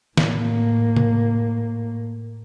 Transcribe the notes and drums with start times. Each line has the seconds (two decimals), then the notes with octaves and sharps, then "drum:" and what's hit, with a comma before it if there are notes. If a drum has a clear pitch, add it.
0.17 A2 A#3, drum: snare
0.96 drum: tom C3